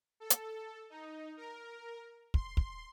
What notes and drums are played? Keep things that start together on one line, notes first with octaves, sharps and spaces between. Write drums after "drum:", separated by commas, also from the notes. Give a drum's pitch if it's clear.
A4
drum: hi-hat
D#4
A#4
C6, drum: kick
drum: kick